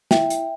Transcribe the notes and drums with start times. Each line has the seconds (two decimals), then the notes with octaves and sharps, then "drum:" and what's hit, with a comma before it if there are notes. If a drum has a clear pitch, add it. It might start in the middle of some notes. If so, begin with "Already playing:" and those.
0.11 E4 E5 G5, drum: snare
0.30 drum: hi-hat